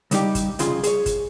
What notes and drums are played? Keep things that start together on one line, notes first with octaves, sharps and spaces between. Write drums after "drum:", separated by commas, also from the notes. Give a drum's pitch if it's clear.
C#3 G3 D#4 G4, drum: hi-hat
drum: kick, hi-hat
C2 F2 C#3 F4 G#4 C6, drum: hi-hat
G#4 C#5, drum: hi-hat
drum: kick, hi-hat